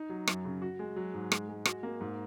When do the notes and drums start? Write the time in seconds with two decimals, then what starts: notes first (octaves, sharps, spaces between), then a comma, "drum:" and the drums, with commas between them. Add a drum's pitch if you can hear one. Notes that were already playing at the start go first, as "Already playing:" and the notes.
Already playing: D#4
0.10 F#3
0.27 F#2, drum: rim click
0.45 C#3
0.62 F#4
0.79 G#3
0.96 F#3
1.14 G#2
1.32 G#3, drum: rim click
1.49 G#3
1.65 F#4, drum: rim click
1.83 A#3
2.01 G#2